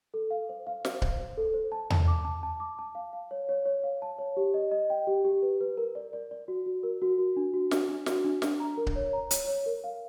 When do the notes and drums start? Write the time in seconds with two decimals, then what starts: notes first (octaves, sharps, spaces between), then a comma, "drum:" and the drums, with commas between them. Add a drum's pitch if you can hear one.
0.14 A4
0.31 F5
0.49 C5
0.67 F5
0.85 C5, drum: snare
1.02 C5, drum: kick C#1
1.20 C5
1.37 A4
1.54 C5
1.72 A5
1.90 A5, drum: tom E2
2.08 D6
2.25 A5
2.43 A5
2.60 D6
2.79 A5
2.95 F5
3.13 F5
3.31 C#5
3.49 C#5
3.65 C#5
3.84 F5
4.02 A5
4.18 C#5
4.37 G4
4.54 D#5
4.71 D#5
4.90 G5
5.07 G4
5.25 G4
5.42 B4
5.61 B4
5.77 A#4
5.95 D5
6.13 D5
6.31 D5
6.48 F#4
6.66 F#4
6.83 A#4
7.02 F#4
7.18 F#4
7.36 D4
7.54 F#4
7.71 D4, drum: snare
7.89 D4
8.06 F#4, drum: snare
8.24 D4
8.42 D4, drum: snare
8.60 A#5
8.77 A#4
8.87 drum: kick C#1
8.96 C#5
9.13 A#5
9.31 C#5, drum: hi-hat
9.47 C#5
9.66 A#4
9.84 F5